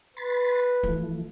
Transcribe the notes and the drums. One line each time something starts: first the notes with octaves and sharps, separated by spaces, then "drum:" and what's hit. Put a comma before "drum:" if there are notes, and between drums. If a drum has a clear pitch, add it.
B4 B5 C6 A6
E3 F3 A3, drum: kick D1